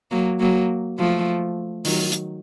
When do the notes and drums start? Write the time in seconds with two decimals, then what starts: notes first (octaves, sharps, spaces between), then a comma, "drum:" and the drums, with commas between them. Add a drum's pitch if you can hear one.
0.11 F#3 A#3
0.40 F#3 A#3
0.98 F3 A3
1.85 D#3 F#3, drum: open hi-hat
2.12 drum: hi-hat